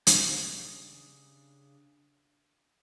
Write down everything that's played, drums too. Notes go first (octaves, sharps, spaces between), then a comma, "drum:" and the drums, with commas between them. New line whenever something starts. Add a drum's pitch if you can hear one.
C#3 D4 G4 G#4 G5, drum: hi-hat